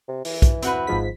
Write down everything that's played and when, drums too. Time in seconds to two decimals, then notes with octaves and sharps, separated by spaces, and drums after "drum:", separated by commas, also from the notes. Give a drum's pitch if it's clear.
0.08 C3
0.25 E3, drum: open hi-hat
0.42 drum: kick B1, hi-hat
0.62 C4 F#4 B4, drum: hi-hat
0.87 G#1 G#2 F3 B6